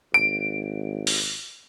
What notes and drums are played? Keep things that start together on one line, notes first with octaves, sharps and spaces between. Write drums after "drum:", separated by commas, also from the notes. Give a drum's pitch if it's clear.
G#1 D7
drum: open hi-hat